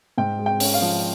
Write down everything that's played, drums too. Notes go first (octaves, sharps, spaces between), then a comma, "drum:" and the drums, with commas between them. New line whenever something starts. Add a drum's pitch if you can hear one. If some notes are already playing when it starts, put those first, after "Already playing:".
G#2 G5
G#3
G5
C#4, drum: open hi-hat
F5
F3